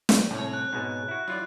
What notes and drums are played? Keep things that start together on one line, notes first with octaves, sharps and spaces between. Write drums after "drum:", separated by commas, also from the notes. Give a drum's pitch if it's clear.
drum: snare
C2 A2 C4 C#5
F#6
G#2 B2 G#3
E4 F#4
F#3 E4 F4 D5